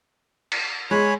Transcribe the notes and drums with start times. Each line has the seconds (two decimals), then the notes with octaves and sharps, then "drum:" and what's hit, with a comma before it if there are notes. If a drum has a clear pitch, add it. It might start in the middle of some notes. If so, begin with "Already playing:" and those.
0.52 drum: cymbal
0.91 G#3 C#5 G#5 B5